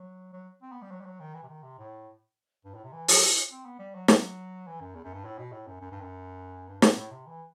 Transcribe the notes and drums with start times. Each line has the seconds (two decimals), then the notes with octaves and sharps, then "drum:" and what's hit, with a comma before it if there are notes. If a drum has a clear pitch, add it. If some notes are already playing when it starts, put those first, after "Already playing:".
Already playing: F#3
0.33 F#3
0.62 C4
0.72 B3
0.82 G3
0.91 F#3
1.01 G3
1.06 F#3
1.20 D#3
1.34 E3
1.43 C3
1.48 D#3
1.63 C3
1.79 A2
2.65 G2
2.74 A2
2.84 C3
2.93 E3
3.08 F#3, drum: open hi-hat
3.51 C4
3.65 B3
3.79 G3
3.95 F#3
4.08 F#3, drum: snare
4.67 E3
4.81 F#2
4.95 E2
5.04 F#2
5.14 G2
5.25 A2
5.39 B2
5.52 A2
5.67 F#2
5.81 F#2
5.92 G2
6.01 F#2
6.69 G2
6.82 A2, drum: snare
6.97 A2
7.11 C3
7.27 E3